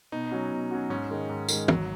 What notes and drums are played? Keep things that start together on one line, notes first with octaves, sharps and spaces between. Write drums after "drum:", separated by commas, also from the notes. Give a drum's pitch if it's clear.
B2 D#4
F#3 C#4 F#4
B2
F#3 C#4 F#4
G#2 C#4
D#3 G#3
G#2
D#3 G#3, drum: tambourine
G#1 F#3, drum: tom